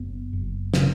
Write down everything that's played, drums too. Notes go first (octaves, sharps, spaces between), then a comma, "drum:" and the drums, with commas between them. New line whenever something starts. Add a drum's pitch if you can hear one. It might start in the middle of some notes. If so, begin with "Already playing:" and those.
Already playing: F#1 B3
F#1
C#3, drum: snare